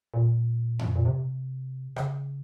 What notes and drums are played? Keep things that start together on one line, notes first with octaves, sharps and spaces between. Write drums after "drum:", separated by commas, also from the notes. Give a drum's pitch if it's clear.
A#2
drum: tom F2
A#2
C3
C#3, drum: rim click